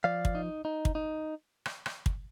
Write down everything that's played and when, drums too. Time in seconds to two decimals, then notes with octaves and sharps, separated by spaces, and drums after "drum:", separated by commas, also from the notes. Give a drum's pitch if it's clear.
0.04 F3 D5 F5
0.25 drum: kick
0.35 D#4
0.65 D#4
0.85 drum: kick
0.95 D#4
1.66 drum: rim click
1.86 drum: rim click
2.06 drum: kick